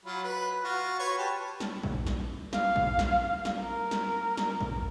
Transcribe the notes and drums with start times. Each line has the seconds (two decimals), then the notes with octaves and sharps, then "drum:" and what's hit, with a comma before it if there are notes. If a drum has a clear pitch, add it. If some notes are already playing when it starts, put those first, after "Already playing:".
0.05 F#3 F4 B5
0.24 B4
0.64 F4 F#4
0.99 B4 C#5
1.18 G4 B4 A5
1.60 drum: snare
1.83 drum: kick A#1
2.07 drum: snare
2.53 F5, drum: snare
2.76 drum: kick A#1
2.99 drum: snare
3.45 drum: snare
3.61 A#4
3.91 drum: snare
4.37 drum: snare
4.61 drum: kick A#1